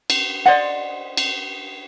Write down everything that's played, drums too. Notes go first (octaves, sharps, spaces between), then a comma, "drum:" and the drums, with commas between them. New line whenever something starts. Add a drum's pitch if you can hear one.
drum: cymbal
C5 D5 D#5 F#5
drum: cymbal